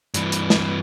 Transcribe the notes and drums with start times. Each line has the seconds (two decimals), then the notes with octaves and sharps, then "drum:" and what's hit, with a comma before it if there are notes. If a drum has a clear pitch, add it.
0.14 G2 E3, drum: hi-hat
0.32 drum: hi-hat
0.50 drum: snare